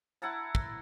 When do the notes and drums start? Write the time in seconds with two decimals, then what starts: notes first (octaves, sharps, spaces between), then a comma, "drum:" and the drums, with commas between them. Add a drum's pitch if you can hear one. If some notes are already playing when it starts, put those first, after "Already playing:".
0.22 E4 F#5 A5 A#5
0.55 drum: kick